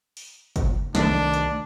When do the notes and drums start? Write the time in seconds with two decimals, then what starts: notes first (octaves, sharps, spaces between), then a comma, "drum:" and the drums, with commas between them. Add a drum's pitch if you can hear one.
0.17 drum: open hi-hat
0.56 drum: kick, hi-hat
0.95 C2 D#3 A3 D4, drum: snare
1.34 drum: hi-hat